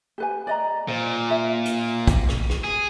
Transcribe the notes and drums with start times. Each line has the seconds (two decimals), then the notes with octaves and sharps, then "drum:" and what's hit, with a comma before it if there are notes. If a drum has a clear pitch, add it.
0.18 G4 B4 G#5
0.47 D5 D#5 A#5
0.88 A#2 C5
1.30 E5
1.65 drum: hi-hat
2.07 drum: kick A#1, hi-hat
2.29 drum: rim click
2.50 drum: rim click
2.64 G#4